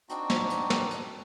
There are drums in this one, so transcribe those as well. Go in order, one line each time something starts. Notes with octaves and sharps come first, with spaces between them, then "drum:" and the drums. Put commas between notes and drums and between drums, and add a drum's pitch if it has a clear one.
C4 D4 D#4 F#4, drum: hi-hat
drum: snare
drum: hi-hat
drum: snare
drum: hi-hat